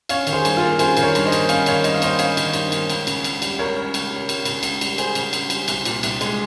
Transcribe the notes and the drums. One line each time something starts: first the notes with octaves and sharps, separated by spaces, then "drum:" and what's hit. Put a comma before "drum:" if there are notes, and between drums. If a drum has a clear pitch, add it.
C#4 C#5 F5, drum: cymbal
D#3, drum: cymbal
G#4 C5
G2, drum: cymbal
A#3 F4 G#4
C#4 G#4 C5, drum: cymbal
D#3, drum: cymbal
A#4 C#5
G2, drum: cymbal
C5 D#5
A#3, drum: cymbal
C#4 F5, drum: cymbal
D#3 C#5 F5, drum: cymbal
G2 D#5, drum: cymbal
F5
A#3 C5 D#5, drum: cymbal
C#4 C#5 F5, drum: cymbal
D#3, drum: cymbal
G2, drum: cymbal
A#3, drum: cymbal
C#2, drum: cymbal
C#3, drum: cymbal
C#2, drum: cymbal
G3, drum: cymbal
C#2 A#4 C#5
C#3
C#2, drum: cymbal
G3
C#2, drum: cymbal
C#3, drum: cymbal
C#2, drum: cymbal
G3, drum: cymbal
C#2 G#4 C5, drum: cymbal
C#3, drum: cymbal
C#2, drum: cymbal
G3, drum: cymbal
C2, drum: cymbal
A#2, drum: cymbal
C2, drum: cymbal
G#3, drum: cymbal